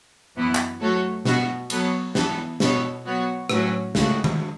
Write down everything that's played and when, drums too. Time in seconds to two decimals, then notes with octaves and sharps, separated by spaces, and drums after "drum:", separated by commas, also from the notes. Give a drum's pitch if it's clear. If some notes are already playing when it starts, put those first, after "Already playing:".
0.36 F#2 E3 B3 E4
0.55 drum: clap
0.81 F#3 A3 F#4 A4 C#5
1.25 B2 B3 F#4, drum: snare
1.70 F#3 B3 A4 C#5, drum: cymbal
2.15 E3 B3 A4, drum: snare
2.60 B2 B3 A4 C#5, drum: snare
3.05 F#3 B3 F#4 C#5
3.50 A2 F#3 C#4 F#4, drum: rim click
3.95 C#2 C#3 A3 F#4, drum: snare
4.24 drum: tom D#3